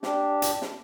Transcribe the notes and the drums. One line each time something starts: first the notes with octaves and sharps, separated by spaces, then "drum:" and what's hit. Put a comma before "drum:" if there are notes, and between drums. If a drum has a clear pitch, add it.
D4 G4, drum: snare
drum: hi-hat
drum: snare